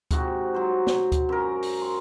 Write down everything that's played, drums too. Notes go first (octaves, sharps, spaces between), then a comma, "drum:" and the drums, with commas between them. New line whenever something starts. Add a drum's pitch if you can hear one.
G#2 C3 F#4, drum: kick D2, hi-hat
F#3 C5
drum: snare
drum: kick D2, hi-hat
F#2 A#4
drum: open hi-hat
C6